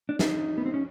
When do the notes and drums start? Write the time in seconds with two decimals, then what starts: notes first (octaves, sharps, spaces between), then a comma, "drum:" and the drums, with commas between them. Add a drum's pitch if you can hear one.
0.09 D4
0.19 D#4, drum: snare
0.58 B3
0.66 C4
0.74 C#4